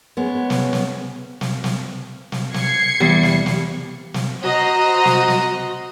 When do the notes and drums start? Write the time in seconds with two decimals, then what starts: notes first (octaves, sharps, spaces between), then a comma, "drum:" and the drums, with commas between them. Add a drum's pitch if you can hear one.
0.17 G#3 B3 C#4 C#5
0.50 drum: snare
0.73 drum: snare
1.41 drum: snare
1.64 drum: snare
2.32 drum: snare
2.54 G#6 C7 C#7, drum: snare
3.00 E2 G3
3.23 drum: snare
3.46 drum: snare
4.14 drum: snare
4.41 F#4 C5 D#5 A#5
5.05 drum: snare
5.28 drum: snare